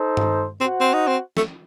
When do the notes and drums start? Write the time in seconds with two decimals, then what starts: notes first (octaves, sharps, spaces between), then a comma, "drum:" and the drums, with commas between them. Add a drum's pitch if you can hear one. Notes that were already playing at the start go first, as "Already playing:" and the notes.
Already playing: D#4 A4 C5
0.17 drum: tom G2
0.60 C4 F#4 C5 F#5
0.80 C4
0.94 D#4
1.08 C4
1.37 A3, drum: snare